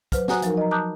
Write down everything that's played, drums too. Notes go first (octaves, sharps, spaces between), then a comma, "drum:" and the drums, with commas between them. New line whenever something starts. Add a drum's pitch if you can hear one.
F#3 B4 C5 F6, drum: kick, hi-hat
F#4 F#5 G#5 A#5 D#6 F#6, drum: snare
F3 F#3 D#4 A#4, drum: hi-hat
D#5 A#5
A5 A#5 D6 D#6 F#6 G6